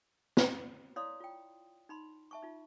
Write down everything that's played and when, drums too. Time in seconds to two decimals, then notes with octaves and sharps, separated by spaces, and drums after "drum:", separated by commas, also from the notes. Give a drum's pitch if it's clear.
0.37 drum: snare
0.96 E4 C#5 D5 F5 C6 D#6
1.20 F4 G5
1.89 D#4 B5 C6
2.31 E5 A5 C#6
2.42 D#4 F4